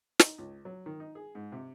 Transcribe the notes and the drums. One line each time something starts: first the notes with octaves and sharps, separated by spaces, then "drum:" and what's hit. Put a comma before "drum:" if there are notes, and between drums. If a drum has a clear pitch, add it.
D#4, drum: snare
C#2
F#3
D#3
D#4
G#4
G#2
C3